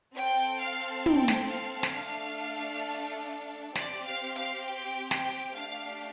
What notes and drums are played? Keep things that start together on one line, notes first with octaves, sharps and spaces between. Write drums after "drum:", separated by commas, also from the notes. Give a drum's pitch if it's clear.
C4 A4 G5
F5
G5, drum: tom
drum: snare
F5
drum: snare
A3 D4 A4
C4 G4 D5, drum: snare
F5
F5, drum: hi-hat
G5
G5, drum: snare
A3 D4 G4 F5